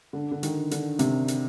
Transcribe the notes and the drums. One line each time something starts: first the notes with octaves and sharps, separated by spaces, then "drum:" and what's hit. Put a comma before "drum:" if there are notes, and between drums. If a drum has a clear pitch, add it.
D3
D3
D#3, drum: hi-hat
D3, drum: hi-hat
C3, drum: hi-hat
drum: hi-hat